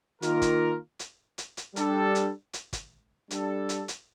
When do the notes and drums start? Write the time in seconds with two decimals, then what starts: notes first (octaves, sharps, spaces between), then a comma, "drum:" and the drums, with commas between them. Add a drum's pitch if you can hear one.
0.22 D#3 A#3 F4 A#4, drum: hi-hat
0.42 drum: kick, hi-hat
0.99 drum: hi-hat
1.38 drum: hi-hat
1.57 drum: hi-hat
1.76 G3 D4 A4, drum: hi-hat
2.15 drum: hi-hat
2.53 drum: hi-hat
2.73 drum: kick, hi-hat
3.31 G3 D4 A4, drum: hi-hat
3.69 drum: hi-hat
3.88 drum: hi-hat